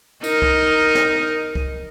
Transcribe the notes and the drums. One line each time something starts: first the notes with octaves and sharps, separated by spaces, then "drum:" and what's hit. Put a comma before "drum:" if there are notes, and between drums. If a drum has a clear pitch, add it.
D#4 A#4, drum: tambourine
drum: kick C#2
drum: snare
drum: kick C#2